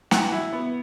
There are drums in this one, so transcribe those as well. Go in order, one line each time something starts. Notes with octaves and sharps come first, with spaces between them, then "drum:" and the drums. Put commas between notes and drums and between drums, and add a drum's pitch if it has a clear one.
E3 F#5, drum: snare
E4
B3